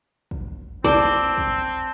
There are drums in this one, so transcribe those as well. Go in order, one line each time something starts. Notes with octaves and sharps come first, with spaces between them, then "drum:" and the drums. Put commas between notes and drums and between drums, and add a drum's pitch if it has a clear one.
drum: kick
C4 D5 A5 G7, drum: kick
drum: kick